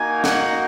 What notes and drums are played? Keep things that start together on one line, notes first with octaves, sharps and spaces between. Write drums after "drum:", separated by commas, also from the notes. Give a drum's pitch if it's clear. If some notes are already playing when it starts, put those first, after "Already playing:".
Already playing: A#3 D#4 F#4 G#5
F#5, drum: snare